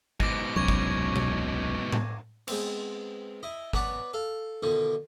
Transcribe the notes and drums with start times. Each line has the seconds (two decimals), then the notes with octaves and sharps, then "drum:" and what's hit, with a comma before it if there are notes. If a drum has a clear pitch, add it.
0.20 G#2 B2 D6 A#6, drum: kick
0.56 D#1 C2 F#3 C#4 C#6 G#6
0.68 drum: kick
1.16 drum: tom B2
1.92 drum: tom A2
2.48 G#3 B3 C4, drum: cymbal
3.43 E4 D#5
3.73 B3 B4 C#5 D5 F#5, drum: kick
4.13 A4 F5
4.63 B2 D3 D#3 F3